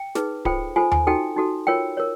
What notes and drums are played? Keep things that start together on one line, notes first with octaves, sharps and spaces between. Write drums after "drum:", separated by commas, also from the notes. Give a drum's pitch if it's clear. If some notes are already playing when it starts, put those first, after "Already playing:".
Already playing: G5
D#4 G#4 B4, drum: snare
F4 A4 C5 G5, drum: kick D1
F4 A4 C5 G#5
G#5, drum: tom D#2
D#4 F#4 A4 G5
D#4 F#4 A4
F4 A#4 C#5 G5
A#4 C#5